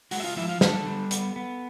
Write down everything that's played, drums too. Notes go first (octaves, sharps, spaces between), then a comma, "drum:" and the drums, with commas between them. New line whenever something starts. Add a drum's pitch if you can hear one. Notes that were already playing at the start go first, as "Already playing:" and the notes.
G#3 F#4 F#5, drum: open hi-hat
E5
F4 F5
F3 E4 E5
F4 F5
D3 A4 A5, drum: snare
G3
B3, drum: hi-hat
B3